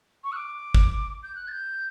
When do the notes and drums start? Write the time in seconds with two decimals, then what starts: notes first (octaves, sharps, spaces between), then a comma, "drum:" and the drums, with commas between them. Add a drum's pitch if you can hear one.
0.24 C#6
0.32 F#6
0.36 D6
0.75 drum: kick
1.23 G6
1.35 F#6
1.47 A6
1.51 G6